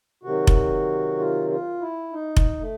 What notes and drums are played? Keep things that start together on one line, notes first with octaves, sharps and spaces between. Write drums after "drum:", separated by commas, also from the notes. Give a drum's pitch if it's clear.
C3 D#3 F#3 F#4
drum: kick F1
F4
F4
E4
D#4
drum: kick F1
A3